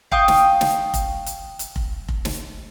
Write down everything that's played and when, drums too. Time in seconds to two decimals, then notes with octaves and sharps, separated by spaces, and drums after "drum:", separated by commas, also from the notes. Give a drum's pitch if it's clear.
0.12 F5 G5 C#6 D#6, drum: kick F1
0.28 drum: snare
0.61 drum: snare
0.94 drum: kick F1, hi-hat
1.26 drum: hi-hat
1.59 drum: hi-hat
1.76 drum: kick F1
2.08 drum: kick F1
2.25 drum: snare